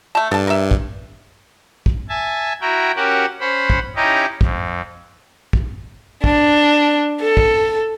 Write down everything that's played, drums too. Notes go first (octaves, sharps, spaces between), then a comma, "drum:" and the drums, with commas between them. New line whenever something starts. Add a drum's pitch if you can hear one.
A3 A5
G2 A4 A5
A#4 E5
drum: kick
drum: kick
E5 G#5 A5
E4 F#4 G5 A#5
C#4 F#4 G4 A#4 F#5
C#4 C5 F#5 B5
drum: kick
C#4 D#4 E4 G4 D#5 A#5
F2, drum: kick
drum: kick
D4, drum: kick
A4
drum: kick